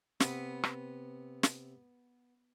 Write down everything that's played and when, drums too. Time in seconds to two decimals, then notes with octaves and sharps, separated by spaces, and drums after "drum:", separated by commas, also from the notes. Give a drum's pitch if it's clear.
0.20 C3 B3, drum: snare
0.63 drum: rim click
1.43 drum: snare